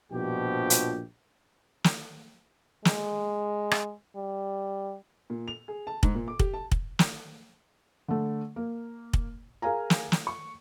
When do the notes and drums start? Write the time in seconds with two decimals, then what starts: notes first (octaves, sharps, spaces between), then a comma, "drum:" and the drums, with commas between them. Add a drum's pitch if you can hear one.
0.11 A#1 G2 B2 F3 G4
0.70 drum: hi-hat
1.84 drum: snare
2.85 G#3, drum: snare
3.71 drum: rim click
4.16 G3
5.30 A#2
5.48 F7
5.68 G#4
5.87 A5
6.03 G#2, drum: kick
6.15 A#2
6.28 D6
6.39 G4, drum: kick
6.54 A5
6.72 drum: kick
6.99 drum: snare
8.08 D3 A3
8.56 A#3
9.13 drum: kick
9.62 G#4 A#4 F5 G#5 A#5
9.90 drum: snare
10.12 drum: snare
10.27 C#6